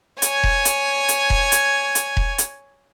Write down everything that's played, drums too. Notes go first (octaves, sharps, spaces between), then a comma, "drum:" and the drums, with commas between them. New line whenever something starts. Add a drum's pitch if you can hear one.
C#5 G#5, drum: hi-hat
drum: kick E1
drum: hi-hat
drum: hi-hat
drum: kick E1
drum: hi-hat
drum: hi-hat
drum: kick E1
drum: hi-hat